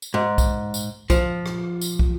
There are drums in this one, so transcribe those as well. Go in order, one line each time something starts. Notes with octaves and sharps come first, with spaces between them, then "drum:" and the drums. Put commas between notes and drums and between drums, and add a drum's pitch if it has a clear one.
drum: tambourine
G#2
drum: kick, tambourine
drum: tambourine
F3, drum: kick, tambourine
drum: rim click
drum: tambourine
drum: kick